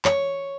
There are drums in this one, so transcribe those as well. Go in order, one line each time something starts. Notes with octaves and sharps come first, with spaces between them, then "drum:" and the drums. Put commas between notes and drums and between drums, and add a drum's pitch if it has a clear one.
C#5, drum: clap